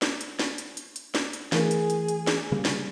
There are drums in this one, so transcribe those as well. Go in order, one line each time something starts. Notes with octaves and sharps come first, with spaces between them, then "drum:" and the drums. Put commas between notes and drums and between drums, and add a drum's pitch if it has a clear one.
drum: snare
drum: hi-hat
drum: snare
drum: hi-hat
drum: hi-hat
drum: hi-hat
drum: snare
drum: hi-hat
E3 A3 G#4 A#4, drum: snare
drum: hi-hat
drum: hi-hat
drum: hi-hat
drum: snare
C#3 G3 A#3
drum: snare